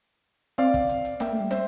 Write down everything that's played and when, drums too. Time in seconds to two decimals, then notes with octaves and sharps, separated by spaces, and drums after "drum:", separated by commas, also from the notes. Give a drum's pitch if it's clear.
0.58 C4 D5 F5, drum: hi-hat
0.74 drum: kick, hi-hat
0.89 drum: hi-hat
1.05 drum: hi-hat
1.20 A#3 E5 G5, drum: snare
1.32 A3
1.40 G3
1.51 C5 E5, drum: snare